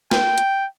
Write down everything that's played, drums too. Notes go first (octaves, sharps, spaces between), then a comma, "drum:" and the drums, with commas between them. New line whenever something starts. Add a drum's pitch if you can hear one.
G5, drum: snare
drum: hi-hat